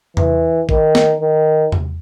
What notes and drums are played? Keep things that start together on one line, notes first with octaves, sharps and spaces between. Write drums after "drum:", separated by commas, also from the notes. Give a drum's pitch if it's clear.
E3, drum: tom E2
D#3, drum: kick A1
drum: snare
D#3
drum: tom E2